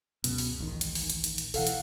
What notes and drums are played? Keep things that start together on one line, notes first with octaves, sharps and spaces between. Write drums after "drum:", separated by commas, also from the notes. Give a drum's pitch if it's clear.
C#2 F#2 B2, drum: hi-hat
drum: open hi-hat
A1 D#3
drum: hi-hat
drum: open hi-hat
drum: hi-hat
drum: hi-hat
drum: hi-hat
B1 E3 A4 F5 F#5, drum: open hi-hat
drum: hi-hat